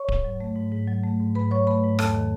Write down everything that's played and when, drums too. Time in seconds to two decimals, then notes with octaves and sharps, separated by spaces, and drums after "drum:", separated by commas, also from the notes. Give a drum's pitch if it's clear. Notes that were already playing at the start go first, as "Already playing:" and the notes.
Already playing: C#5 C#6
0.08 G#2, drum: kick D1
0.24 F#3
0.40 A3
0.56 G#2
0.72 G#2
0.88 F#3
1.03 A3
1.20 G#2
1.35 G#2 B4 B5
1.51 F#3 C#5 C#6
1.67 A3 B4 B5
1.83 G#2
1.99 E2 A4 A5, drum: rim click
2.15 D#3